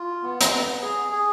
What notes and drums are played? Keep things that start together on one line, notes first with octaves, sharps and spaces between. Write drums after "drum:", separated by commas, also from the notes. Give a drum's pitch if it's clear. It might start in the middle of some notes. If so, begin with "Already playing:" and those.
Already playing: F4
B3
drum: hi-hat
B3
G#4
G#4